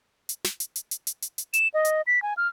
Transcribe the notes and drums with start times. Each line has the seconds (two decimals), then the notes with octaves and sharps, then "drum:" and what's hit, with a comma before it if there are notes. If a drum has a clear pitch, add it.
0.29 drum: hi-hat
0.44 drum: snare
0.60 drum: hi-hat
0.76 drum: hi-hat
0.91 drum: hi-hat
1.07 drum: hi-hat
1.22 drum: hi-hat
1.38 drum: hi-hat
1.54 E7, drum: hi-hat
1.74 D#5
1.85 drum: hi-hat
2.07 B6
2.22 G#5
2.37 F6